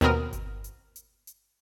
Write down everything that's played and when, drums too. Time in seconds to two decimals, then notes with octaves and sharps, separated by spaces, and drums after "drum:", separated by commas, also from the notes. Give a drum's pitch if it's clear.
0.01 D#2 B2 C4 A#4 D#6 F6, drum: hi-hat
0.33 drum: kick G1, hi-hat
0.64 drum: hi-hat
0.96 drum: hi-hat
1.27 drum: hi-hat